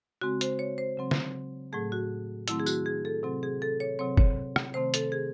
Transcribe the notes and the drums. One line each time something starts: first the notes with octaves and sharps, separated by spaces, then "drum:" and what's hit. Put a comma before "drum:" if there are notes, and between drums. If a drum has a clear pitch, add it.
C#3 G#3 C4 F#4
C5, drum: hi-hat
C#5
C5
C#3 F#3 C4
drum: snare
A2 F#3 A3 G#4
F#4
D#3 F#3 A3 C4 E4, drum: hi-hat
G#4
F#4, drum: tambourine
G#4
A4
C3 F#3 C4
G#4
A4
C#5
C3 F#3 C4 C#5
C#5, drum: kick
drum: rim click
C3 D#3 A3 C4 C5
A4, drum: hi-hat
G#4